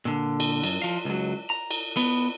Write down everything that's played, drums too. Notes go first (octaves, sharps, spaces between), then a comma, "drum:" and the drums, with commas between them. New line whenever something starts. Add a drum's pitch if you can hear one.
A#2 D3
drum: cymbal
F#2, drum: cymbal
F3 F5
C#2 F#3
A#5
drum: cymbal
B3, drum: cymbal